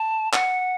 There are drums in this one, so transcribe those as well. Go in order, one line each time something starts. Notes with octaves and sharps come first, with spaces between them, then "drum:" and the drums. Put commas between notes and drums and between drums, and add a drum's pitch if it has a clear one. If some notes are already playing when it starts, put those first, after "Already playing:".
Already playing: A5
F#5, drum: clap